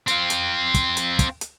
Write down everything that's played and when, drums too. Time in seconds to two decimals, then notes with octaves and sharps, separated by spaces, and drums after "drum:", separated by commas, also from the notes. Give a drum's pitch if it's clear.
0.08 C4 F4, drum: hi-hat
0.30 drum: hi-hat
0.74 drum: kick, hi-hat
0.97 drum: hi-hat
1.19 drum: kick, hi-hat
1.41 drum: hi-hat